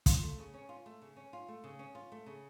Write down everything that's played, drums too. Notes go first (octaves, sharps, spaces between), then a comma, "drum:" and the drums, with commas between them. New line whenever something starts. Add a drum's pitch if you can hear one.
F4, drum: kick, hi-hat
A3
C#3
C#4
F4
A3
C#3
C#4
F4
A3
C#3
C#4
F4
A3
C#3